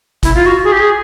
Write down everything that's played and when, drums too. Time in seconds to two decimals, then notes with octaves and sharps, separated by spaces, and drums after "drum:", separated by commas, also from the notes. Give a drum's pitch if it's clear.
0.23 E4, drum: kick, hi-hat
0.34 F4
0.46 F#4
0.64 G#4
0.72 G4
0.80 G#4